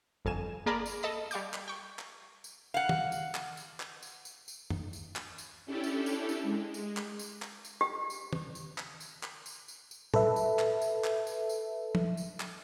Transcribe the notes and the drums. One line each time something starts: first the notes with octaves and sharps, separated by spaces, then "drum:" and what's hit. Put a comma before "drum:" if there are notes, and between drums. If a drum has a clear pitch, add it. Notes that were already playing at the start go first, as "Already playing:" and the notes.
G1 F2 G#5 E7
A#3 G#4 A#4 D5 A5 B5
drum: tambourine
A4 D#5 A5 B5
G3 F5 C#6 D6 G6, drum: tambourine
drum: clap
G5 C#6
drum: clap
drum: tambourine
F5 F#5
drum: tom
drum: tambourine
drum: clap
drum: tambourine
drum: clap
drum: tambourine
drum: tambourine
drum: tambourine
drum: tom F#2
drum: tambourine
drum: clap
drum: tambourine
C#4 D4 E4 G4 A4
drum: tambourine
drum: tambourine
drum: tambourine
G#3
drum: tambourine
drum: clap
drum: tambourine
drum: clap
drum: tambourine
G4
drum: tambourine
drum: tom
drum: tambourine
drum: clap
drum: tambourine
drum: clap
drum: tambourine
drum: tambourine
drum: tambourine
A4 B4 E5, drum: tom
drum: tambourine
drum: clap
drum: tambourine
drum: clap
drum: tambourine
drum: tambourine
drum: tom
drum: tambourine
drum: clap